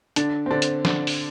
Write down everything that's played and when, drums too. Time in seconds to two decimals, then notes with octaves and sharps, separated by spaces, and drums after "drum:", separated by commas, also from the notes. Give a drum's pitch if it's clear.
0.16 D3 D4, drum: hi-hat
0.46 C4
0.51 D3 D4
0.62 drum: hi-hat
0.85 D3, drum: snare
1.07 drum: open hi-hat